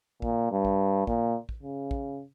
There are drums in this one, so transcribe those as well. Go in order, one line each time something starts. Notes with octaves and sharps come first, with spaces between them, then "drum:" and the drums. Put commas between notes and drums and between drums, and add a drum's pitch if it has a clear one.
A#2, drum: kick
G2
drum: kick
A#2, drum: kick
drum: kick
C#3
drum: kick